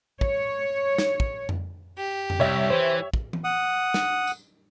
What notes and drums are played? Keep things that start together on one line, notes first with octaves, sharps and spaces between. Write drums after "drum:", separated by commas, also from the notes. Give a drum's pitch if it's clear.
C#5, drum: kick
drum: snare
drum: kick
drum: tom F2
G4
drum: tom F2
C2 C#5 E5
E3 C5
drum: kick
drum: tom E3
F#5 D#6
drum: snare
drum: tambourine